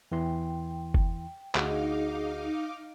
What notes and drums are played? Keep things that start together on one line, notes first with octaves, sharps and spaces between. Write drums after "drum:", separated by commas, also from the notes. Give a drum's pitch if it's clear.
E2 E3 G5 C6
drum: kick F#1
D2 D#4 F#4 G#4 D#5 F5 D6, drum: clap